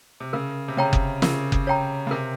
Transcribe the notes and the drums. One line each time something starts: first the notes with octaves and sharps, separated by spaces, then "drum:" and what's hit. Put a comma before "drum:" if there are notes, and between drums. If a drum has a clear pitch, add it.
C3
C#3 A#4
C3
C#3 C#5 G5 A#5
drum: kick F#1
C#3 A#4, drum: snare
drum: kick F#1
C#5 G5 A#5
C#3
C3 A#4